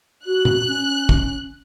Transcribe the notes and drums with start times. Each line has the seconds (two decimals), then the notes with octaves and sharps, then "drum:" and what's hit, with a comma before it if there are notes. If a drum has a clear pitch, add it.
0.26 F#4 F#6
0.45 drum: tom
0.68 C#4
1.09 drum: kick